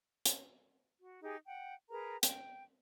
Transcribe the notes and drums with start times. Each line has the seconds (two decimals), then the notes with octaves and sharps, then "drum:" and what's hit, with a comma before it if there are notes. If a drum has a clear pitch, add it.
0.25 drum: hi-hat
1.00 F#4
1.22 D#4 G4 G#4
1.46 F#5 G5
1.90 G#4 A#4 B4 A#5
2.23 G5, drum: hi-hat